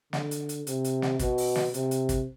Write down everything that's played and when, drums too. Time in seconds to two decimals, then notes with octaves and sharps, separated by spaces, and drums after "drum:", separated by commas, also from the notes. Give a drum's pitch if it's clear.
0.13 D3, drum: snare
0.31 drum: hi-hat
0.49 drum: hi-hat
0.67 C3, drum: hi-hat
0.84 drum: hi-hat
1.02 drum: snare
1.19 B2, drum: kick, hi-hat
1.38 drum: open hi-hat
1.56 drum: snare
1.74 C3, drum: hi-hat
1.91 drum: hi-hat
2.09 drum: kick, hi-hat